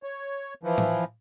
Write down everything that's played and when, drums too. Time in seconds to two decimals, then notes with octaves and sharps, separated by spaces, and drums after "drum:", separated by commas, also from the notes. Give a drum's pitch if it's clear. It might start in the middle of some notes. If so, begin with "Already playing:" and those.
0.03 C#5
0.63 E3 F3
0.78 drum: tom A2